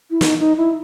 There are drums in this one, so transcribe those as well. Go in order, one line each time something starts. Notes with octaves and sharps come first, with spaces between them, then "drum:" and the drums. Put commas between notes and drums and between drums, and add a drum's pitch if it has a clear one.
E4
D#4, drum: snare
D#4
E4